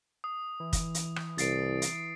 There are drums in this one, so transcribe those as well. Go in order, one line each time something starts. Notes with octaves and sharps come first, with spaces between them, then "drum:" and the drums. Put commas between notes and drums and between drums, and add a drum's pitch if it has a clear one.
D#6
E3
drum: kick, hi-hat
drum: hi-hat
drum: rim click
C2 A6 C7 D7, drum: hi-hat
drum: hi-hat